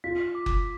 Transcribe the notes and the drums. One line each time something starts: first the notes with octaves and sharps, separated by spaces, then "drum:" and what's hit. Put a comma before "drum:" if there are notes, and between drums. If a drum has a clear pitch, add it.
F4 B6
D6
drum: kick F#1